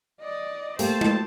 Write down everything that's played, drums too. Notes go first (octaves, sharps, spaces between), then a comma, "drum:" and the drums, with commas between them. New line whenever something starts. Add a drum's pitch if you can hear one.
D5 D#5
A3 A#3 G4 C5 A5, drum: hi-hat
drum: tom G#3